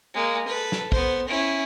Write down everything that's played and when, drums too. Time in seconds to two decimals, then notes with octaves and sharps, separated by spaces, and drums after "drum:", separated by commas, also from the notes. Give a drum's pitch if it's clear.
0.14 G#3 A#3
0.48 A4 B4
0.72 drum: snare
0.92 B3 C5, drum: kick
1.29 C#4 E4